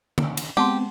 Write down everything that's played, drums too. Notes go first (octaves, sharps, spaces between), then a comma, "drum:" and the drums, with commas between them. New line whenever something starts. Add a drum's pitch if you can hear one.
drum: tom
drum: cymbal
G#3 B3 C4 G4 F#5 A5 C6